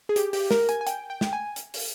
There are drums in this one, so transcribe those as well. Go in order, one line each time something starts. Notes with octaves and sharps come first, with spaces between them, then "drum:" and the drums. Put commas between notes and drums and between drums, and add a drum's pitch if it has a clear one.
G#4
G4, drum: hi-hat
G4, drum: open hi-hat
A#4, drum: snare
G#5, drum: hi-hat
G#5
G5, drum: hi-hat
G5
drum: snare
G#5
drum: hi-hat
drum: open hi-hat